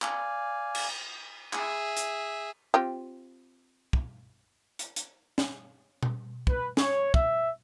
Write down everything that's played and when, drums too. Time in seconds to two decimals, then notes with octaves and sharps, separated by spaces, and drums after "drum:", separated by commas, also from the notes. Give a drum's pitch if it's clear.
0.02 D5 F5 G#5, drum: clap
0.75 drum: cymbal
1.53 G#4 E5, drum: clap
1.97 drum: hi-hat
2.74 C4 F4 G4
3.93 drum: kick
4.79 drum: hi-hat
4.96 drum: hi-hat
5.38 drum: snare
6.03 drum: tom B2
6.47 B4, drum: kick
6.77 C#5, drum: snare
7.14 E5, drum: kick